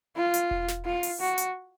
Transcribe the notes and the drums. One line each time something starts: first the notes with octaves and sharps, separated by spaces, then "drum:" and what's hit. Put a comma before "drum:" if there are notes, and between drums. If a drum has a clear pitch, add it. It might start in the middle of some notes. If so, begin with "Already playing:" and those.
F4
drum: hi-hat
drum: kick E1
drum: snare
F4
drum: open hi-hat
F#4
drum: hi-hat